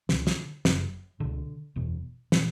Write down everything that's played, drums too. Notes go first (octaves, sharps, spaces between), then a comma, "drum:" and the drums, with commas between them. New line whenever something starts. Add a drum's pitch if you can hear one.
C#2 B2 D3, drum: snare
drum: snare
F#1 F#2 C#3, drum: snare
C#2 B2 D3
F#1 E2 B2
A#2 E3, drum: snare